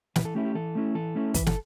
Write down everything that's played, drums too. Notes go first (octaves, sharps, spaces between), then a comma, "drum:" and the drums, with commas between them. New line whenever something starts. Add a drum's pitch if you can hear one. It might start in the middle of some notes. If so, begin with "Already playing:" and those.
E3 B4, drum: snare
A4
A3 C#4 E4 G4
G4
E3 A4
A3 C#4 E4
E3 A4
A3 C#4 E4
E3 B4, drum: kick, hi-hat
A4, drum: snare